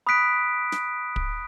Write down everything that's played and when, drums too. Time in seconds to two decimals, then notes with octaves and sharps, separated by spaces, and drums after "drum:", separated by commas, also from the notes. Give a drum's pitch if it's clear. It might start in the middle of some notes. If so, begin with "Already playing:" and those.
0.07 B5 D#6 F#6 B6 D7
0.72 drum: snare
1.16 drum: kick